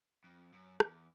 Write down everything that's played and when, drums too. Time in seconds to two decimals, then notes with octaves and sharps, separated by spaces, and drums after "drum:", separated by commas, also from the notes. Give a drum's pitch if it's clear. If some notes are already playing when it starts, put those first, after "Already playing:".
0.24 F2
0.53 F#2
0.80 E2, drum: rim click